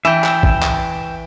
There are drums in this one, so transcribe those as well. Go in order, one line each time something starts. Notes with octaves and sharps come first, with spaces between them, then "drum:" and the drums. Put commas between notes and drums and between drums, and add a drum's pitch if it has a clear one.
E3 E5 G5
drum: clap
drum: kick A1
drum: clap